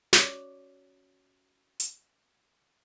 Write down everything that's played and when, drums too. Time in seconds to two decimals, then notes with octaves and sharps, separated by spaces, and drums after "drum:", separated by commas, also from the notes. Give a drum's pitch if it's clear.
0.13 C#4 F#4 C#5 D5 D6, drum: snare
1.80 drum: hi-hat